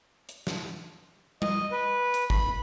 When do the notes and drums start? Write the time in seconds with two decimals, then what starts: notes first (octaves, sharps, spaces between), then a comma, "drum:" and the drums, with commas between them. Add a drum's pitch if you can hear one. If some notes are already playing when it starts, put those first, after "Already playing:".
0.29 drum: hi-hat
0.47 drum: snare
1.42 D#5, drum: tom G3
1.72 B4
2.14 drum: hi-hat
2.30 B5, drum: kick